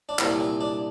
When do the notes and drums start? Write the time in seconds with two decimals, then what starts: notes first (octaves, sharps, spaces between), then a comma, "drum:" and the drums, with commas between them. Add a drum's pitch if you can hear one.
0.09 D4
0.19 C2 A#2 F3 C4, drum: clap
0.39 C4
0.61 D4